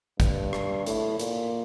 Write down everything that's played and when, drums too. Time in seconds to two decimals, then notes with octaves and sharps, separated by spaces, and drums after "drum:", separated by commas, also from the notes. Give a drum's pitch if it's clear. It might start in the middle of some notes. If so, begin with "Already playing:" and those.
0.20 G2, drum: kick, hi-hat
0.53 drum: rim click
0.86 A2, drum: hi-hat
1.19 A#2, drum: hi-hat